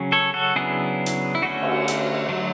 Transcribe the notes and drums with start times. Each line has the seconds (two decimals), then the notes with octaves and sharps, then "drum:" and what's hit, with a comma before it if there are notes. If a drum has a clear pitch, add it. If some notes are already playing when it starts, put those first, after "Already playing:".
Already playing: C#3 F#3 C#4
0.12 A4 C#5
0.34 F#4 A4
0.56 C#3 F#3 B3 D4 E4 G#4
1.06 drum: hi-hat
1.35 E4
1.42 D3 A3 C#4 F#4
1.63 drum: cymbal
1.88 drum: hi-hat
2.29 D3 F#3 A3